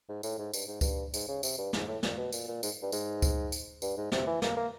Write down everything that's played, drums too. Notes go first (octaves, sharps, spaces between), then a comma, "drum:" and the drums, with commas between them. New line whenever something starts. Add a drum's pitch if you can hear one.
G#2
A2, drum: tambourine
G#2
G2, drum: tambourine
G#2
G2, drum: kick C#2, tambourine
G#2, drum: tambourine
C#3
C3, drum: tambourine
G2
G#2, drum: snare
A2
A#2, drum: snare
B2
A#2, drum: tambourine
A#2
G#2, drum: tambourine
G2
G#2, drum: tambourine
drum: kick C#2, tambourine
drum: tambourine
G2, drum: tambourine
G#2
C3, drum: snare
E3
A#3, drum: snare
A#3